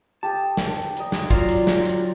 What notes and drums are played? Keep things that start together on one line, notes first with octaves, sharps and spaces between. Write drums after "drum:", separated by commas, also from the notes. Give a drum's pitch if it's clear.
G4 A4 A5 D#6
drum: snare
drum: hi-hat
A#4 D#5, drum: hi-hat
drum: snare
F#3 F4 D5, drum: kick, hi-hat
drum: hi-hat
drum: snare
drum: hi-hat